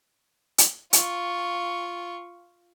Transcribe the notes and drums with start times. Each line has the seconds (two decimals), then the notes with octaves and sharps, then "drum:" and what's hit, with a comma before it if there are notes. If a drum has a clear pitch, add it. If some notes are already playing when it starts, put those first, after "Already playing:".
0.58 drum: hi-hat
0.93 F4 C#6, drum: hi-hat